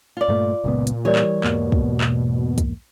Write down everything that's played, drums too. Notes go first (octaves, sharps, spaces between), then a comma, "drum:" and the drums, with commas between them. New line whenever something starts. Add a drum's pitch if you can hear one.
F4 D5
G2 A#2 A3
F#1 C#2 A#2 B3
drum: hi-hat
E3 G3 G4 A#4 C#5 D5
drum: clap
E2 G#2 B2 A#3, drum: clap
drum: kick
drum: clap
drum: kick, hi-hat